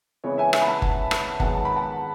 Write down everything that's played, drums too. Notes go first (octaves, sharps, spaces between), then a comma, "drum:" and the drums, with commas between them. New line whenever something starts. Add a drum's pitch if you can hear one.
C#3 E3 G#3 B3 C#5
E5 G#5
E5 G#5, drum: rim click
B5
F#5 A5
drum: kick F#1
drum: rim click
G#2 D#3 F#3 B3 F#5 A5, drum: kick F#1
A5
B5
F#5 A5